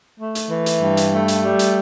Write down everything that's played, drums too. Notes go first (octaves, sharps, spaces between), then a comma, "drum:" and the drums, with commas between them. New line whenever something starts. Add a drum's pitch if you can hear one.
A3
drum: hi-hat
E3
drum: hi-hat
G2
drum: hi-hat
A3
drum: hi-hat
G3
drum: hi-hat